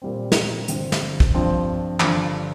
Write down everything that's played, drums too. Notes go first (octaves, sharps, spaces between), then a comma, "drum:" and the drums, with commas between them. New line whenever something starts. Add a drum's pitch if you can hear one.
A#2 G3 C4
drum: snare
G1 G2 G3 C4, drum: hi-hat
drum: snare
drum: kick
G2 F3 C4
G1 G2 F3, drum: clap